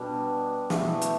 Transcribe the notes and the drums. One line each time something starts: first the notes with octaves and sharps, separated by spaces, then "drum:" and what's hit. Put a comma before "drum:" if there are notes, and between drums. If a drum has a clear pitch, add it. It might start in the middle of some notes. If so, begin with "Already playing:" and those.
Already playing: B2 G3 D4
B2 A3 E4, drum: snare
drum: hi-hat